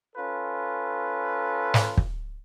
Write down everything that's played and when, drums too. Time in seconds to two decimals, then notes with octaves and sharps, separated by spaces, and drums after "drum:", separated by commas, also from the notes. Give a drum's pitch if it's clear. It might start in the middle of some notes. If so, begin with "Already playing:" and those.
0.16 C#4 F4 A4 B4
1.74 drum: snare
1.97 drum: kick